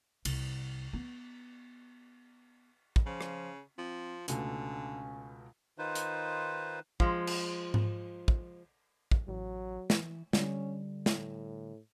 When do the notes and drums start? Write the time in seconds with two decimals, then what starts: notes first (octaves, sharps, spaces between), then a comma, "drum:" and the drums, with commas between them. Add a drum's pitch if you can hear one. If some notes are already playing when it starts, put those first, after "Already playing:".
0.25 C2, drum: cymbal
0.93 B3
2.96 drum: kick
3.06 C#3 F3
3.21 drum: rim click
3.78 F3 C4
4.28 C#2 B2 D3 A3 C#4, drum: hi-hat
5.78 D#3 D#4 F4 B4 C5
5.95 drum: hi-hat
7.00 F3 G#3, drum: kick
7.27 drum: cymbal
7.74 drum: tom G#2
8.28 drum: kick
9.11 drum: kick
9.28 A1 F#3
9.90 E3, drum: snare
10.33 D3 G3 C#4, drum: snare
11.06 A2, drum: snare